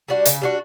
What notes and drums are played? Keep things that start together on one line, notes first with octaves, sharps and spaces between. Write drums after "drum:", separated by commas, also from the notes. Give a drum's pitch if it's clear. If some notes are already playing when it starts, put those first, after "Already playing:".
G3 D4 F#4
C#3, drum: hi-hat
G3 D4 F#4